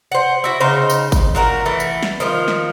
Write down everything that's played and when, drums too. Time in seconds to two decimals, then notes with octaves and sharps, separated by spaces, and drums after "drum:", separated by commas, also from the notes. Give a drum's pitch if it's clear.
0.12 C5 F#5
0.44 E4 F#4
0.60 C#3 D#4 C5
0.90 drum: tambourine
1.12 drum: kick G#1, tambourine
1.35 A#2 F#4 A#4
1.65 E3 A3
1.80 drum: tambourine
2.03 drum: snare
2.20 D#3 F3 F4
2.48 drum: snare